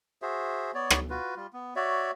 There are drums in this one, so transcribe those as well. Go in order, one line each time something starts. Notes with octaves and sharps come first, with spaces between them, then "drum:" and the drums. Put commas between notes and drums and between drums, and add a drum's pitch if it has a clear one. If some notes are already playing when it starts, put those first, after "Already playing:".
F#4 G#4 C5 E5
B3 C#5 D5
drum: rim click
F4 F#4 B4
G3 F4
B3
F#4 C#5 D5 E5